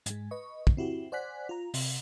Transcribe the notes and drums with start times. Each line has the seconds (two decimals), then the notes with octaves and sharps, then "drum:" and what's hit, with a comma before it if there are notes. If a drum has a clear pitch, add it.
0.06 G#2 G#3, drum: hi-hat
0.31 B4 D#5 C#6
0.67 drum: kick
0.77 C4 E4 F#4 G4
1.12 C5 D5 F#5 G#5 F#6 B6
1.49 F4 A#5
1.74 C3, drum: open hi-hat